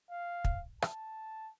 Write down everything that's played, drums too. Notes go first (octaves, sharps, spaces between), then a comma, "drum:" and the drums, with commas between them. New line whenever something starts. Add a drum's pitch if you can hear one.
F5
drum: kick
A5, drum: rim click